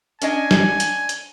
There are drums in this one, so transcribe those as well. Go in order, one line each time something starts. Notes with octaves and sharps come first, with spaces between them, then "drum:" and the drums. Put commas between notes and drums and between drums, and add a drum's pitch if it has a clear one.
C#4 D4 D#5 G#5, drum: hi-hat
drum: snare
drum: hi-hat
drum: hi-hat